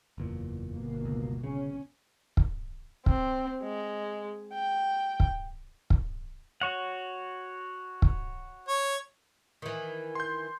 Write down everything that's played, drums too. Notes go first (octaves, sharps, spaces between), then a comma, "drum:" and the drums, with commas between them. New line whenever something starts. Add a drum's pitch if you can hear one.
F#1 E2 A#2
G1 B2 A#3
C#2
C#3 C#4
drum: kick
C4, drum: kick
G#3
G5
drum: kick
drum: kick
F#4 C#5 F#5
drum: kick
C#5
D#3 E3
C6 G6